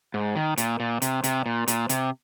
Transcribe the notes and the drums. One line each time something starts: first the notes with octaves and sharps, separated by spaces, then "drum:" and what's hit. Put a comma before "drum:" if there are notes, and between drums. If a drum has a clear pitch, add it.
G#2
D#3
A#2, drum: hi-hat
A#2
C3, drum: hi-hat
C3, drum: hi-hat
A#2
A#2, drum: hi-hat
C3, drum: hi-hat